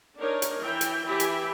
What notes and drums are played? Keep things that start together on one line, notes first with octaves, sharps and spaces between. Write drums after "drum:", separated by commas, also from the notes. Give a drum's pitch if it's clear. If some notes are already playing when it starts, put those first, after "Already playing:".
D4 D#4 A#4 C#5
drum: hi-hat
E3 E5 G5
drum: hi-hat
E3 G4 E5 G#5 B5
drum: hi-hat